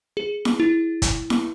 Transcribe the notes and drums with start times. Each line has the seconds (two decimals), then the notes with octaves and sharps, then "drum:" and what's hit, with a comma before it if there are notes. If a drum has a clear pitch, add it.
0.17 G#4
0.45 drum: snare E4
0.60 E4
1.02 drum: kick, hi-hat
1.30 drum: snare E4